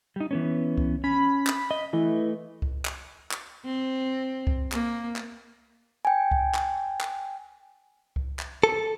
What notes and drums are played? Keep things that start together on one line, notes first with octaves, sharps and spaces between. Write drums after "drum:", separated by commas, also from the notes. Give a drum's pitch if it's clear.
G3 D#4
E3 B3 C#4
drum: kick C2
C#4 B5
drum: clap
D#5
E3 A3 D#5
drum: kick C2
drum: clap
drum: clap
C4
drum: kick C2
A#3, drum: clap
drum: clap
G5 G#5
drum: kick C2
drum: clap
drum: clap
drum: kick C2
drum: clap
A4